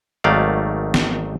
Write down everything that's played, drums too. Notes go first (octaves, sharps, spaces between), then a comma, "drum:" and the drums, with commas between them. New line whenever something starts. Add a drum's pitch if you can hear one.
G#1 D#3 F#3 A3 D5 F5
drum: snare